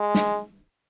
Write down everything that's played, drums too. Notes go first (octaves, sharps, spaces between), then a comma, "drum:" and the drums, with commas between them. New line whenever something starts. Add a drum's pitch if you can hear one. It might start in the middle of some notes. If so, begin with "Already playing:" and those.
Already playing: G#3
drum: snare